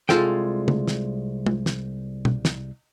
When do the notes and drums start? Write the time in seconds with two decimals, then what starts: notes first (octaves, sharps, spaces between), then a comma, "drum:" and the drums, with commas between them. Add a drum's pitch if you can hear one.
0.09 C2 G#3 F4 A4 G5, drum: snare
0.68 drum: tom C#3
0.88 drum: snare
1.46 drum: tom
1.66 drum: snare
2.25 drum: tom B2
2.45 drum: snare